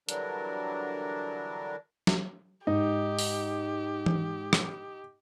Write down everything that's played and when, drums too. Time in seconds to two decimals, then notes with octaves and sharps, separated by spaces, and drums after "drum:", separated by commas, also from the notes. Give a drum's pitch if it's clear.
0.09 D3 E3 F#3 G3 D4 A#4, drum: hi-hat
2.07 drum: snare
2.67 G#2 D#4 G4
3.19 drum: open hi-hat
4.06 drum: tom E3
4.53 drum: rim click